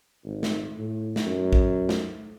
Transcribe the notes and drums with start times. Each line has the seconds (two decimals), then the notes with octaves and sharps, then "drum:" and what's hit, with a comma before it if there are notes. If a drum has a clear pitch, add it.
0.25 G#1
0.43 drum: snare
0.78 A2
1.16 drum: snare
1.27 F#2
1.53 drum: kick
1.89 drum: snare